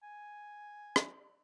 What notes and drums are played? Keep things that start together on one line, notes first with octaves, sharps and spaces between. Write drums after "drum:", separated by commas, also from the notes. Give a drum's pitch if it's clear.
G#5
drum: rim click